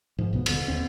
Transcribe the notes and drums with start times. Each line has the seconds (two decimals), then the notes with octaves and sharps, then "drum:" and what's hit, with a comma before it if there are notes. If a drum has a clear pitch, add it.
0.18 G#2 F3
0.33 B1 B2 B3
0.46 D#1 D3, drum: cymbal
0.68 D#2 C4